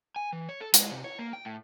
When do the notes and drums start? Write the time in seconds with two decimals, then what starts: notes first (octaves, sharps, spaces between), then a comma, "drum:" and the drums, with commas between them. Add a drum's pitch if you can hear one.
0.16 G#5
0.33 E3
0.49 C#5
0.61 A4
0.74 G#3, drum: hi-hat
0.91 C3
1.04 C#5
1.19 A#3
1.33 G5
1.45 A2